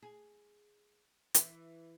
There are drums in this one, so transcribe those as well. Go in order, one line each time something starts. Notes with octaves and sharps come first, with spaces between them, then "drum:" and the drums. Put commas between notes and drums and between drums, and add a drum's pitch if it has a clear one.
G#4
E3, drum: hi-hat